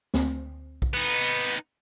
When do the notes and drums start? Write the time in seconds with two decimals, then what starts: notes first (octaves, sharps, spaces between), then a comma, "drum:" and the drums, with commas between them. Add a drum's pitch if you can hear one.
0.14 D2 C4, drum: snare
0.82 drum: kick B1
0.94 B3 D#4 B4